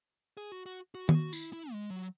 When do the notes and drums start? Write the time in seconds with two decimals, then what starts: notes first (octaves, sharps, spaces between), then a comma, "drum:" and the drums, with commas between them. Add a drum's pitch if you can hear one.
0.37 G#4
0.52 F#4
0.66 F#4
0.95 F#4
1.09 G#4, drum: tom D#3
1.15 F#4
1.33 E4, drum: tambourine
1.53 E4
1.72 G#3
1.91 F#3